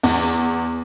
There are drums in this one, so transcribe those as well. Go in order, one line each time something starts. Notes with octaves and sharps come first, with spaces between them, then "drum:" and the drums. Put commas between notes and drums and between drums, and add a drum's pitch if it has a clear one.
E2, drum: open hi-hat